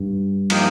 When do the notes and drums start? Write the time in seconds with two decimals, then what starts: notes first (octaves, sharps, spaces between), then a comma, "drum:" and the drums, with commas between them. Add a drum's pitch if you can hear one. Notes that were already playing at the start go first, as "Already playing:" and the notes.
Already playing: G2
0.50 F3 A#3 D#4 G4, drum: cymbal